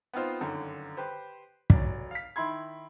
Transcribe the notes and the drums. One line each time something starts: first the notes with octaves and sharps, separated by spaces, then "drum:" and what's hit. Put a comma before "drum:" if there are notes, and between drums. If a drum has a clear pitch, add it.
B3 C4 D#4 F4 C5
G1 F#2 D3 D#3
G4 B4 C5
F1 F#3 D5, drum: kick
F5 B6
D#3 E4 B5 C6 G#6